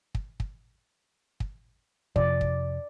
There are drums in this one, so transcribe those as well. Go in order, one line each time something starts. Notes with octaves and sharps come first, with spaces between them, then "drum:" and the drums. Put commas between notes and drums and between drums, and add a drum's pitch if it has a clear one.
drum: kick
drum: kick
drum: kick
F2 C3 F3 D5, drum: kick
drum: kick